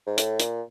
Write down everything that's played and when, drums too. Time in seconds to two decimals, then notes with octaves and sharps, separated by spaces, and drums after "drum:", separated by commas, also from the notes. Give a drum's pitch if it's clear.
0.06 G#2
0.18 A2, drum: hi-hat
0.40 A#2, drum: hi-hat